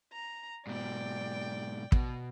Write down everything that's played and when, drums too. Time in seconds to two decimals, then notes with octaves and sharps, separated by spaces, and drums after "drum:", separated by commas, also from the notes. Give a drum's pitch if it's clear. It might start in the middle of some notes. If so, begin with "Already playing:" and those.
0.13 A#5
0.67 G#2 B2 D5 G5
1.92 B2, drum: kick